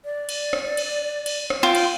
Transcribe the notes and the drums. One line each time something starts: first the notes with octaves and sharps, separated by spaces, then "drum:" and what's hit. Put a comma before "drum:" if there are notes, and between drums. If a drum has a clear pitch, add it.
D5
drum: cymbal
drum: rim click
drum: cymbal
drum: cymbal
drum: rim click
F4 G5
drum: cymbal